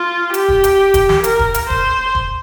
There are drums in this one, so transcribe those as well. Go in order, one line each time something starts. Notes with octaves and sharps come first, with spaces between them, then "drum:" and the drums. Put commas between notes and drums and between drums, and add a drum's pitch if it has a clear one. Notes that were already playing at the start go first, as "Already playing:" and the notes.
Already playing: F4
G4, drum: hi-hat
drum: kick
drum: hi-hat
drum: kick, hi-hat
drum: snare
A#4, drum: hi-hat
drum: kick
drum: hi-hat
C5, drum: kick
drum: kick